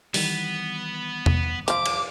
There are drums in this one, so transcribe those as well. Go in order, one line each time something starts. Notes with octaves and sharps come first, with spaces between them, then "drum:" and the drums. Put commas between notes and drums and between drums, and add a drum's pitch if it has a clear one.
D#3 E3 G3 B3, drum: open hi-hat
drum: tom E2
F3 F4 D6, drum: hi-hat
drum: cymbal